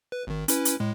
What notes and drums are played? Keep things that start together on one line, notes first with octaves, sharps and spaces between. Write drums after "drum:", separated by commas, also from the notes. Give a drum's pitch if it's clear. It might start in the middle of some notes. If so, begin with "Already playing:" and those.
B4
G#1 D#3
C#4 E4 B4, drum: hi-hat
drum: hi-hat
A2 G#3